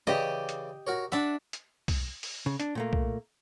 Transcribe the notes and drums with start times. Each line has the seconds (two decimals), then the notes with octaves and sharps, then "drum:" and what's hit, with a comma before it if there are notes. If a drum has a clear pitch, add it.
0.07 C#3 E3 G4 D5 D#5
0.49 drum: hi-hat
0.87 F#4 A#4 C#5
1.12 D4 E5 F#5
1.53 drum: hi-hat
1.88 drum: kick B1, open hi-hat
2.23 drum: open hi-hat
2.46 C#3
2.60 D4, drum: hi-hat
2.75 A#2 A3 A#3
2.93 drum: kick B1